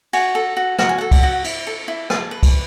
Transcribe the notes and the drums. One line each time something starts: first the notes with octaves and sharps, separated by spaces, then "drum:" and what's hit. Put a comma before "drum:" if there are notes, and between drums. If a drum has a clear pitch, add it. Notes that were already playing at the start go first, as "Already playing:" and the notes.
F#4 G#5, drum: cymbal
A4
F#4
F#4 F#5, drum: rim click
G#5
A4 F#5
drum: kick, cymbal
F#4
E4, drum: cymbal
A4
E4
G#4 A5, drum: rim click
B4
drum: kick, cymbal